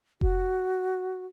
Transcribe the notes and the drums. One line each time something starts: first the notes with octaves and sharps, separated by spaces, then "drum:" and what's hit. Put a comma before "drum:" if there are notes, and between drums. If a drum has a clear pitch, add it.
F#4, drum: kick F1